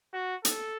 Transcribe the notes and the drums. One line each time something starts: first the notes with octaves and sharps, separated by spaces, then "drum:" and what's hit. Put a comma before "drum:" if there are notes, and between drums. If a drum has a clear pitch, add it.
F#4
A4, drum: hi-hat